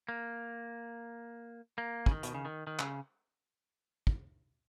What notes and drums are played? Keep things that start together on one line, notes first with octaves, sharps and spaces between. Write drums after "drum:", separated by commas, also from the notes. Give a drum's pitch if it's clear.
A#3
A#3
C#3, drum: kick
D#3
B2, drum: hi-hat
C#3
D#3
D#3
C#3, drum: clap
drum: kick